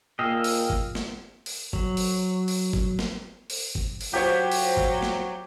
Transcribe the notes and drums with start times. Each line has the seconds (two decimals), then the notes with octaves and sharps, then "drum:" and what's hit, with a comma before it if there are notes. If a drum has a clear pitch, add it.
0.19 A#2 A#3 G#4 D#5 G5 E6 F6
0.44 drum: open hi-hat
0.70 drum: kick F#1
0.95 drum: snare
1.46 drum: open hi-hat
1.73 F#3, drum: kick F#1
1.97 drum: open hi-hat
2.48 drum: open hi-hat
2.73 drum: kick F#1
2.99 drum: snare
3.50 drum: open hi-hat
3.75 drum: kick F#1
4.01 drum: open hi-hat
4.13 F#3 F4 G4 C5 C#5
4.52 drum: open hi-hat
4.77 drum: kick F#1
5.02 drum: snare